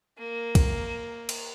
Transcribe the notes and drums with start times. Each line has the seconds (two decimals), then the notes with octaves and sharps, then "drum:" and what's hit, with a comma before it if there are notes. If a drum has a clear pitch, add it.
0.18 A#3
0.55 drum: kick C2, cymbal
1.29 drum: cymbal